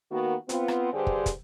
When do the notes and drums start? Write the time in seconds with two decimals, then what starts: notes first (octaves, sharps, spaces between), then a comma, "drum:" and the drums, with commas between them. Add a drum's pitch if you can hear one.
0.11 D#3 A#3 B3 F#4
0.49 B3 C4 F4, drum: hi-hat
0.68 drum: rim click
0.93 G2 D3 G4 G#4 C5
1.07 drum: kick
1.26 drum: kick, hi-hat